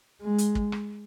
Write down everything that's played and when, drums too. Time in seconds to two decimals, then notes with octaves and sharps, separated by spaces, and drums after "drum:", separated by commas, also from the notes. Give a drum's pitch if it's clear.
0.22 G#3
0.38 drum: hi-hat
0.55 drum: kick
0.72 drum: rim click